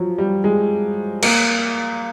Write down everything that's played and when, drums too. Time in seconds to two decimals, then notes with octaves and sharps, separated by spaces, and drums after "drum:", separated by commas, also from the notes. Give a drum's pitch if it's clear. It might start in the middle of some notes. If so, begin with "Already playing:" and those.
Already playing: F3 F#3
0.18 G3
0.44 G#3
1.23 A#3, drum: cymbal